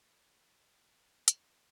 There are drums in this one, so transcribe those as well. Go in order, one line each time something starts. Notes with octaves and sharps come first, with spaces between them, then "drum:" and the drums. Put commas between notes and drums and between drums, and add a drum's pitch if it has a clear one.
E6
F6
A#4
B4
G#4
B4
A#5
G6
G#6, drum: hi-hat
D#6
B6